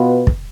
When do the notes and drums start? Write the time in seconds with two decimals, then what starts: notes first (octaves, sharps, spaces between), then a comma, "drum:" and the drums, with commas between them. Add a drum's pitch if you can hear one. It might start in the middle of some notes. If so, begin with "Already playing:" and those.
Already playing: B2 B3 F4 B4
0.27 drum: kick